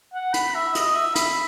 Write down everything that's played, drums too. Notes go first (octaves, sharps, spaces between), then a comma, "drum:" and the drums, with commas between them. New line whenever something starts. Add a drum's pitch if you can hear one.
F#5
B5, drum: hi-hat
E5
D#5, drum: hi-hat
E5
B5, drum: hi-hat